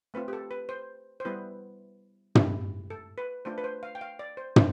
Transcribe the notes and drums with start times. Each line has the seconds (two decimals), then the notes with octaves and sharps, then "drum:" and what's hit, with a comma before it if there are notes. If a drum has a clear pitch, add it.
0.14 A3 C4 F4 B4
0.28 G4
0.33 A4
0.51 B4
0.69 C5
1.20 C5
1.25 G3 B3 E4 B4
2.35 A3 E4 G4, drum: tom
2.90 A4
3.18 B4
3.45 A3 D4 F4 C5
3.58 B4
3.64 C5
3.83 F5
3.95 G5
4.01 F5
4.19 D5
4.37 C5
4.56 F4 C5, drum: tom